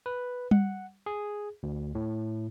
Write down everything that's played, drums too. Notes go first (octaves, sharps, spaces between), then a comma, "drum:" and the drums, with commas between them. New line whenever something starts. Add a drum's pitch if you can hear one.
B4
F#5, drum: tom G3
G#4
D2
A2